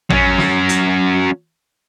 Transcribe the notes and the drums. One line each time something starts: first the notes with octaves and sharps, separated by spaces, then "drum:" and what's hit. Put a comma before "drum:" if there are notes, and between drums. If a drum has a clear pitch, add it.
F#3 C#4, drum: tom
drum: snare
drum: hi-hat